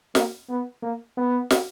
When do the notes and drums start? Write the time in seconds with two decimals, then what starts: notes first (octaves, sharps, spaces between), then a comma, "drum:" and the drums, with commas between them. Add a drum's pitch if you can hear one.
0.15 A#3, drum: snare
0.49 B3
0.82 A#3
1.17 B3
1.51 drum: snare